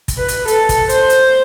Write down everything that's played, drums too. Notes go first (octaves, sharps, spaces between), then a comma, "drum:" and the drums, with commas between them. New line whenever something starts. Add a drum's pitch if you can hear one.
drum: kick, hi-hat
B4
drum: hi-hat
A4, drum: hi-hat
drum: kick, hi-hat
C5, drum: hi-hat
drum: hi-hat